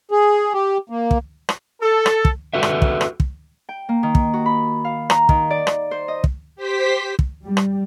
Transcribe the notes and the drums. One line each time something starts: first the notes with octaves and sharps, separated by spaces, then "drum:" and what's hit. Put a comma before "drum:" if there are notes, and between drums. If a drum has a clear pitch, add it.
G#4
G4
A#3
drum: kick
drum: rim click
A4
drum: rim click
drum: kick
F#4 A4 B4 E5
drum: rim click
drum: kick
drum: rim click
drum: kick
G5
A#3
D#3
drum: kick
F#4
B5
F5
A#5, drum: rim click
D#3, drum: kick
D5
drum: rim click
C5
D#5
drum: kick
G4 C5 B6
drum: kick
G3
drum: rim click